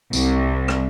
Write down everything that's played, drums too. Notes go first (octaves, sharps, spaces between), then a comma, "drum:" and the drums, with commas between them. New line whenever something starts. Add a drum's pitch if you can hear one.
C2, drum: tambourine
drum: rim click